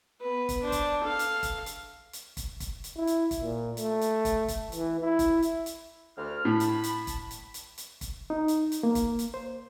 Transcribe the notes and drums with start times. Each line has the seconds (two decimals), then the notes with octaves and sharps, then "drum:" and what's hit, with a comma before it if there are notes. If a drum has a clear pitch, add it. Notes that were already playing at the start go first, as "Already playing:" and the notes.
0.21 B3 B4
0.49 drum: kick, hi-hat
0.62 D4 C5
0.72 drum: kick, hi-hat
1.04 A4 F5
1.19 drum: hi-hat
1.43 drum: kick, hi-hat
1.66 drum: hi-hat
2.13 drum: hi-hat
2.37 drum: kick, hi-hat
2.60 drum: kick, hi-hat
2.84 drum: hi-hat
2.97 E4
3.07 drum: hi-hat
3.31 drum: kick, hi-hat
3.42 A#2
3.77 A3, drum: hi-hat
4.01 drum: hi-hat
4.25 drum: kick, hi-hat
4.48 drum: kick, hi-hat
4.72 E3, drum: hi-hat
5.00 E4
5.19 drum: kick, hi-hat
5.42 drum: hi-hat
5.66 drum: hi-hat
6.17 D2 F6
6.45 A2 A5 B5
6.60 drum: hi-hat
6.84 drum: hi-hat
7.07 drum: kick, hi-hat
7.31 drum: hi-hat
7.54 drum: hi-hat
7.78 drum: hi-hat
8.01 drum: kick, hi-hat
8.30 D#4
8.48 drum: hi-hat
8.72 drum: hi-hat
8.83 A#3
8.95 drum: kick, hi-hat
9.19 drum: hi-hat
9.34 C5